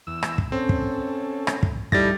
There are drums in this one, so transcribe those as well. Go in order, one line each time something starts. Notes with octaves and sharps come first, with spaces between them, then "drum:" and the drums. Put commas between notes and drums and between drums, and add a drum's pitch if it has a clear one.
E2 E6
drum: rim click
drum: kick
C4 C#4 A4
drum: kick
drum: rim click
drum: kick
G3 D#4 E4 A4 A6 A#6, drum: kick